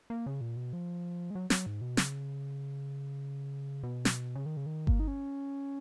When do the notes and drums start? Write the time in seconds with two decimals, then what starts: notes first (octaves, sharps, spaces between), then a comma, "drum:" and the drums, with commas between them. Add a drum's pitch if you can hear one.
0.10 A#3
0.26 C#3
0.41 A#2
0.57 B2
0.73 F3
1.31 G#3
1.35 F#3
1.50 F#3, drum: snare
1.66 G#2
1.81 B2
1.97 C#3, drum: snare
3.83 B2
4.05 drum: snare
4.35 C#3
4.46 D#3
4.57 C#3
4.66 D#3
4.87 A#3, drum: kick G1
5.00 D#4
5.08 C#4